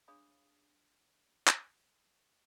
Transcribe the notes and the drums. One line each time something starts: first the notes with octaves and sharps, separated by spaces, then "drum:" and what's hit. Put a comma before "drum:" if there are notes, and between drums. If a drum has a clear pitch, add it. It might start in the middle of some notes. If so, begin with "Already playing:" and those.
D4 G#4 C#5 F5 B5 D#6
drum: clap